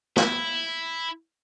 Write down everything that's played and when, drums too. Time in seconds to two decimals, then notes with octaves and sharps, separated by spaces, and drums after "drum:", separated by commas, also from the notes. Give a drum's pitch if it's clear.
0.16 E4, drum: snare